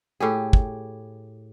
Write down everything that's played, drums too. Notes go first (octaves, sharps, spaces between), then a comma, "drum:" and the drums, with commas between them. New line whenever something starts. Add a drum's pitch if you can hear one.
A2 G4 G#4
drum: kick